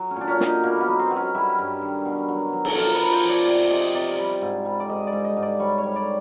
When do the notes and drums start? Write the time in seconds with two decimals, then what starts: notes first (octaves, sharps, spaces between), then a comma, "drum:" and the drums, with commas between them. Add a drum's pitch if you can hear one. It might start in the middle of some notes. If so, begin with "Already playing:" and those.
Already playing: F#3
0.11 C#4
0.16 A#2 D4
0.27 C#4
0.40 F#3, drum: snare
0.46 D#4
0.63 B2 A#3
0.81 B3
0.87 F#3
0.99 C4
1.11 F#3
1.16 C#4
1.34 G3 E4
1.59 G2
1.81 D#3
2.05 B2
2.28 F#3
2.53 F#3
2.65 A4, drum: cymbal
2.76 F3 A#4
2.94 B4
3.00 F3
3.12 C5
3.24 F3
3.29 D5
3.47 C3 D5
3.70 C3 D#5
3.94 C3 D5
4.19 G3
4.42 G#2
4.65 G3
4.80 D5
4.90 G#2 D#5
5.07 D5
5.13 G#2
5.25 D#5
5.36 G#2
5.42 D5
5.60 G3 C#5
5.78 C#5
5.84 G3
5.96 D5